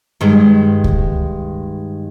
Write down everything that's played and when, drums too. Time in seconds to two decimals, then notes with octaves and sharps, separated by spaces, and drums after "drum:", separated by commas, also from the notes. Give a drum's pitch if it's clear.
0.21 G2 D#3 G#3
0.84 drum: kick C#2